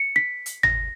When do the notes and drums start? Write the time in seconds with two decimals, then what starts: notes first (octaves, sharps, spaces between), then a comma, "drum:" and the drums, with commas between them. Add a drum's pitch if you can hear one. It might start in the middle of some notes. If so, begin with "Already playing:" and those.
Already playing: C#7
0.16 B6
0.46 drum: hi-hat
0.63 A#6, drum: tom G#1